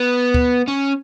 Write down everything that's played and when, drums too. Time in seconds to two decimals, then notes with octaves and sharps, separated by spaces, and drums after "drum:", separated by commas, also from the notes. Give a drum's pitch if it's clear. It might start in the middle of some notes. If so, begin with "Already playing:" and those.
Already playing: B3
0.34 drum: kick
0.68 C#4